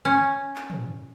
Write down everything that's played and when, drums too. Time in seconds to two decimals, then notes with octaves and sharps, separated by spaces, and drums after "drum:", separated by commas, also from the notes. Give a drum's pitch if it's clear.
0.05 C#4
0.56 drum: clap
0.70 drum: tom